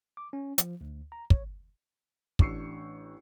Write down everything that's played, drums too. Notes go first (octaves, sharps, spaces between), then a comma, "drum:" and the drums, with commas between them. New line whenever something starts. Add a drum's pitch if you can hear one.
D6
C#4
F3, drum: hi-hat
D2
A#5
C#5, drum: kick
A1 D4 C#6 E6 C7 C#7, drum: kick